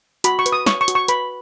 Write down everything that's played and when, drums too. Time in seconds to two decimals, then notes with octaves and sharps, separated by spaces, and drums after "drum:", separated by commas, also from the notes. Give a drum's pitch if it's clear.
0.24 F#4 B5, drum: hi-hat
0.39 C#6
0.46 B4, drum: hi-hat
0.52 D#6
0.66 C#5 C#6, drum: snare
0.81 C#6
0.88 F#4, drum: hi-hat
0.95 C#6
1.08 B4 B5, drum: hi-hat